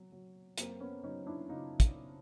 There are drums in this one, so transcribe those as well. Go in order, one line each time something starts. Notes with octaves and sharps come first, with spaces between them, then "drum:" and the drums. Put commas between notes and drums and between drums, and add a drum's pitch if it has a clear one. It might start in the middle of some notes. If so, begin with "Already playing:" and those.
Already playing: F#3
F#3
F#2 A#3 C4, drum: hi-hat
B3 C#4
F#3 C#4 D#4
D4 E4
C#3 D#4 F4
drum: kick, hi-hat